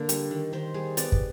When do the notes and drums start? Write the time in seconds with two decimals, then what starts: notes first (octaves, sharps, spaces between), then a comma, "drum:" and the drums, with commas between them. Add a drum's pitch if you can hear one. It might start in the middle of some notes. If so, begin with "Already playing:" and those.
Already playing: D3 A#3
0.09 G3, drum: hi-hat
0.31 D#3
0.53 D#3 C5
0.74 G3 G#4
0.97 B3 D5, drum: hi-hat
1.12 drum: kick